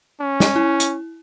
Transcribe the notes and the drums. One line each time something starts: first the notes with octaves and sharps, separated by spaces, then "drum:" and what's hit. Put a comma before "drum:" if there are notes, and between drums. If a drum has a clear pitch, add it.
C#4
drum: snare
E4
drum: hi-hat